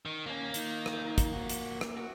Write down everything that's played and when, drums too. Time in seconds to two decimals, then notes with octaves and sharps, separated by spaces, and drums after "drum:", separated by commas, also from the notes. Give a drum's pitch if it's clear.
0.05 D#3
0.26 D#2 A#3 C#4
0.54 D#3, drum: hi-hat
0.86 drum: rim click
1.18 drum: kick, hi-hat
1.33 F3 F#4
1.50 drum: hi-hat
1.81 drum: rim click
1.97 F#4